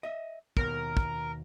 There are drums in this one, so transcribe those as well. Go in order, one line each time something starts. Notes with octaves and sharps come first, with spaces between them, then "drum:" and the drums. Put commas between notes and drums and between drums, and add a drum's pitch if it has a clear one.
D#5 E5
D#2 B2 A#4, drum: kick
drum: kick